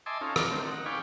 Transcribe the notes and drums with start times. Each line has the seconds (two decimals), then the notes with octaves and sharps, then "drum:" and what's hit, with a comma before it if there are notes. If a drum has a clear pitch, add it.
0.06 D#5 E5 G#5 A5 C6 D6
0.21 C#4 D#4 F4 A4
0.36 F4 A#4 B4 D5, drum: rim click
0.50 D3 D#3 A3 C4
0.67 D#4 F#5
0.86 D5 F5 G5 G#5 B5 C#6